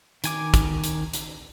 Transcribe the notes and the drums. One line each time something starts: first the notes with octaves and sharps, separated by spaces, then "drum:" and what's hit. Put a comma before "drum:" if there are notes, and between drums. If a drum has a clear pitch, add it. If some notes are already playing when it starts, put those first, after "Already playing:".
D#3 G#5 D6, drum: hi-hat
drum: kick, hi-hat
drum: hi-hat
drum: hi-hat